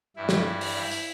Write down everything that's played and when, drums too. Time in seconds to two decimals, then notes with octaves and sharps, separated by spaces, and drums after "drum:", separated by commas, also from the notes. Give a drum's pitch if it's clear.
0.16 G2 E3 E4
0.29 drum: snare
0.61 drum: open hi-hat
0.91 drum: tambourine